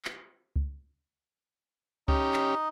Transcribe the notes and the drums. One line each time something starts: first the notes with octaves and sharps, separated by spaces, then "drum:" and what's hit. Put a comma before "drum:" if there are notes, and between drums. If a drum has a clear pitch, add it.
drum: clap
drum: kick C#2
C#4 D#4 G4 D#5, drum: kick C#2
drum: clap